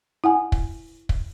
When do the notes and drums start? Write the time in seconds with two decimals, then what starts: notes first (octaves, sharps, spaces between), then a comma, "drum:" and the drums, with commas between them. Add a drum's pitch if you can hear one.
0.24 E4 F#5 G#5
0.52 drum: kick
1.09 drum: kick